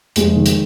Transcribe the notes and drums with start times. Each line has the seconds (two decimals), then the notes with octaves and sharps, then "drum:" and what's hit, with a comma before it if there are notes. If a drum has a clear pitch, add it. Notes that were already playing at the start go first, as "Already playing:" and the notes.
0.16 F1 G#3, drum: hi-hat
0.36 D#3
0.46 drum: hi-hat